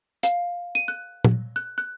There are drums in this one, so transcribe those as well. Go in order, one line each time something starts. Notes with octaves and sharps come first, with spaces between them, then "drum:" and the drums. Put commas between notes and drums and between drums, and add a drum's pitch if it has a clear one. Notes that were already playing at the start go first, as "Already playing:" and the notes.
F5, drum: hi-hat
D#7
F#6
drum: tom A#2
F#6
F#6